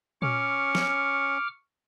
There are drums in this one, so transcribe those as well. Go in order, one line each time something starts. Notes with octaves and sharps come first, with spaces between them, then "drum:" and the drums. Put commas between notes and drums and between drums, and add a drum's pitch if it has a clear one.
C#4 C#6 D6 F6, drum: tom A#2
drum: snare